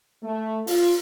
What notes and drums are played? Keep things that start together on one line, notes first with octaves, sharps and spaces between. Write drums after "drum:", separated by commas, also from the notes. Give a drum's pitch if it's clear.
A3
F4, drum: open hi-hat